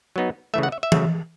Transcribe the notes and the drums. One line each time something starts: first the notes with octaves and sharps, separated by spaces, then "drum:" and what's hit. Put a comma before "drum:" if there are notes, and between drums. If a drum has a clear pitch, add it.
F#3 B3 D#4
C#3 E3 A3 E5
F#5
E5
E5
C#3 F#3 A3, drum: tom E3